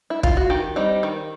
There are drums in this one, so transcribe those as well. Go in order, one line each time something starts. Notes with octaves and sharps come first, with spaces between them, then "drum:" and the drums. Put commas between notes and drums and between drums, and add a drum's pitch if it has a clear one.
E4
F4, drum: kick
F#4
D#3 G4
G3 C4 D#4
D#3